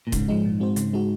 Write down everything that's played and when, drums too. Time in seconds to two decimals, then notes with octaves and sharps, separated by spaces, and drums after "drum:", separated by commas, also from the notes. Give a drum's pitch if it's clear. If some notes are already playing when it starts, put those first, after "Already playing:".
0.07 A#2
0.12 G#2 C#3, drum: kick D#1, hi-hat
0.28 F3 G#3 D#4
0.45 A#2
0.60 G#3 C4 F#4 C5
0.76 C#3, drum: hi-hat
0.93 G#3 D#4 F#4